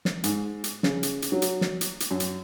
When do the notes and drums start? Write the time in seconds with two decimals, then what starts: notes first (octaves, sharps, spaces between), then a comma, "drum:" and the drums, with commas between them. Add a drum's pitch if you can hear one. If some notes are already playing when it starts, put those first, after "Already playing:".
0.05 drum: snare
0.24 G#2, drum: hi-hat
0.64 drum: hi-hat
0.83 C#3, drum: snare
1.03 drum: hi-hat
1.22 drum: hi-hat
1.32 F#3
1.42 drum: hi-hat
1.61 drum: snare
1.81 drum: hi-hat
2.00 drum: hi-hat
2.11 F#2
2.20 drum: hi-hat